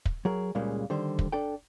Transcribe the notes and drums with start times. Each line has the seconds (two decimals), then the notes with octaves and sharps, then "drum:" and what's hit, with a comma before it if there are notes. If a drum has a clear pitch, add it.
0.05 drum: kick
0.25 F#3 G#4 A#4
0.55 C#2 A#2 C#3 G3 G#3 A#3
0.90 D3 D#3 G3 C5
1.19 drum: kick
1.32 D4 A4 G5